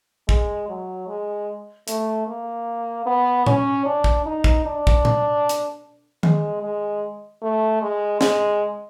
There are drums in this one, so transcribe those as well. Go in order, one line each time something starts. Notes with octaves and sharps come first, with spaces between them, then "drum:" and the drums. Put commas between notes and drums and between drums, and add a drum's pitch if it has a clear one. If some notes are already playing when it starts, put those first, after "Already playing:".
G#3, drum: kick
F#3
G#3
A3, drum: hi-hat
A#3
B3
C#4, drum: tom A2
D4
drum: kick
D#4
drum: kick
D4
drum: kick
drum: tom A2
drum: hi-hat
G#3, drum: tom D#3
G#3
A3
G#3
G#3, drum: snare